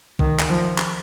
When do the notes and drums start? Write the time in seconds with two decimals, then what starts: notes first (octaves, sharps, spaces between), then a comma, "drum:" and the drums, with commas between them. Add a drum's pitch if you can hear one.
0.19 D#3, drum: kick
0.39 drum: clap
0.49 F3
0.78 drum: clap